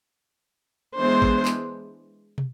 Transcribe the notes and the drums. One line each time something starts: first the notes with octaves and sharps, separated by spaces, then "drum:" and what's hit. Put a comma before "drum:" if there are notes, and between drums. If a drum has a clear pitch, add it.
E3 G#3 B3 D4 C5
drum: kick A1
drum: clap
drum: tom